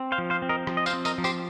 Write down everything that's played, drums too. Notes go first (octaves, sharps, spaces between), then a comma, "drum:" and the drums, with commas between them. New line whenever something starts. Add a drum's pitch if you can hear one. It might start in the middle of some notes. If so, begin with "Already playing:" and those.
Already playing: C4
C5 F5
F3
C5 F5
C4
A#4 D#5
F3, drum: rim click
D#5
C5 F5, drum: tambourine
C4
A#4 D#5, drum: tambourine
F3
G4 C5, drum: tambourine